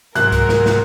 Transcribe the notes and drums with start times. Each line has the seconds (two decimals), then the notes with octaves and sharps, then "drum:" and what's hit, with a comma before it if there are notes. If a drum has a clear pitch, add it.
0.15 G#2 C3 F#3 A#4 F#6, drum: hi-hat
0.32 drum: kick C#2, hi-hat
0.49 drum: snare
0.66 drum: snare